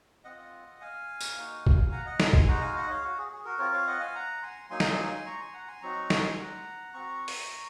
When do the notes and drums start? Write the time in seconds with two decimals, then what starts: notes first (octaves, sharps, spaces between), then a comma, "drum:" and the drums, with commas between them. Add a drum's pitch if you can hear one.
0.24 C4 F4 D#5 F#5
0.81 F5 G#5
1.21 drum: tambourine
1.36 A#3 D#4 F#4
1.67 drum: kick A#1
1.92 F#5 A#5
2.05 D#5 F#5
2.20 G#5 C6, drum: snare
2.33 G#5 C6, drum: kick A#1
2.48 G#3 D#4 F#4 F#5 A#5
2.61 F5 G#5
2.76 D#5 F#5
2.90 C#5 F5
3.04 F#4
3.18 G#4
3.32 G#4
3.45 F#4 A#4
3.59 C4 F4 A#4 C#5
3.73 C#5 F5
3.87 D#5 F#5
4.00 F5 G#5
4.15 F#5 A#5
4.42 G#5 C6
4.70 F#3 A#3 D#4 G#5 C6
4.80 drum: snare
5.26 A#5 C#6
5.40 G#5 C6
5.54 F#5 A#5
5.68 G#5 C6
5.81 F#3 C4 D#4 F#4 A#5 C#6
6.10 G#5 C6, drum: snare
6.38 F#5 A#5
6.94 C4 F#4 A#5 C#6
7.28 drum: open hi-hat